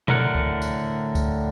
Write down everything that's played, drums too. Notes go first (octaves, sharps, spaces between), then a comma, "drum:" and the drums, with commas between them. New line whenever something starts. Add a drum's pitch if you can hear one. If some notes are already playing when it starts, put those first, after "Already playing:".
A2 D3 A#4 F#5, drum: tom B2
drum: kick C#2
drum: tambourine
drum: kick C#2, tambourine